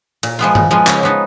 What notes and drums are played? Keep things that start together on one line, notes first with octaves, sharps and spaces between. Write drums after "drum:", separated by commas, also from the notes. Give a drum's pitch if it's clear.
A#2, drum: cymbal
F3 G#3 B3 F4
A#2, drum: tom
F3 G#3 B3 F4
C#3, drum: clap
F3 B3 D#4